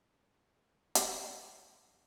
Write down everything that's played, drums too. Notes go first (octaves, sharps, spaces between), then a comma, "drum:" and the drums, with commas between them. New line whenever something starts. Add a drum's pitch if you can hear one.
F5 G#5 D6
drum: hi-hat